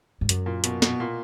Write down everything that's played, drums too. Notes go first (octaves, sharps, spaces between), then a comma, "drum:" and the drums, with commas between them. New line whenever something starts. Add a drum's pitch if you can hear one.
G#2
F#2, drum: hi-hat
A#2
B2, drum: hi-hat
B2, drum: snare
A#2